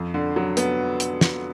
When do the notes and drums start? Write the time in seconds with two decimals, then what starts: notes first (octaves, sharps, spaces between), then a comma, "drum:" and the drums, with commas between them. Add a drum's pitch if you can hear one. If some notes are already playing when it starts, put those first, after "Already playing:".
Already playing: F2
0.14 D3
0.36 F#3
0.57 B3, drum: hi-hat
1.00 drum: hi-hat
1.21 drum: snare